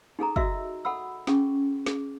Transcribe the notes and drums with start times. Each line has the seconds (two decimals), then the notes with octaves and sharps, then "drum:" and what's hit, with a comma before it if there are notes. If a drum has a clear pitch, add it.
0.19 D#4 G#4 A4 A#5
0.36 F#4 D#5 E5 E6, drum: kick
0.85 A4 F#5 B5 E6
1.27 C#4 G#4 C#6, drum: snare
1.86 G#4, drum: snare